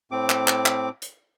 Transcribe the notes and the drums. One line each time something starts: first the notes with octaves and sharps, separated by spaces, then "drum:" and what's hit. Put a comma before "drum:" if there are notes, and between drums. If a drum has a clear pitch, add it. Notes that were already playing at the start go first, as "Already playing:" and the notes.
A2 C4 D6
drum: clap
drum: clap
drum: clap
drum: hi-hat